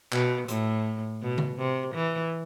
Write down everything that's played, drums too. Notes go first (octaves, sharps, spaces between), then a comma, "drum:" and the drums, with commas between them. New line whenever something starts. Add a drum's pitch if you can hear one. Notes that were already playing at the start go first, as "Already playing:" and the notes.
B2, drum: clap
A2, drum: hi-hat
B2
drum: tom C#3
C3
E3